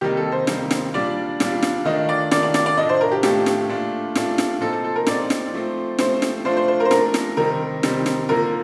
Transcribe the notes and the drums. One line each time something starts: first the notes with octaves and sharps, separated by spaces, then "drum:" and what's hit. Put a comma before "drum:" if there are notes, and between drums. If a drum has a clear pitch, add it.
C3 D#3 G3 A#3 D#4 G4
A4
C5
C3 D#3 G3 A#3 D#4, drum: snare
drum: snare
A#2 G3 D4 F4 D5
A#2 G3 D4 F4, drum: snare
drum: snare
D#3 A3 D4 F4 D#5
D5
D#3 A3 D4 F4 D5, drum: snare
D5
D5, drum: snare
D5
A2 A3 D4 F4 D#5
C5
A#4
G4
A2 A3 D4 F4 G4, drum: snare
drum: snare
A#2 A3 D4 F4
A#2 A3 D4 F4, drum: snare
drum: snare
A#2 F3 C4 D#4 A4
A4
A4
A#4
A#2 F3 C4 D#4 D5, drum: snare
drum: snare
F3 A3 C4
F3 A3 C4 C5, drum: snare
drum: snare
F3 A3 D4 F4 C5
C5
C5
A#4
C5
F3 A3 D4 F4 A#4, drum: snare
drum: snare
C3 D#3 G3 C4 D#4 A#4
C3 D#3 G3 C4 D#4, drum: snare
drum: snare
D3 F3 A#3 A#4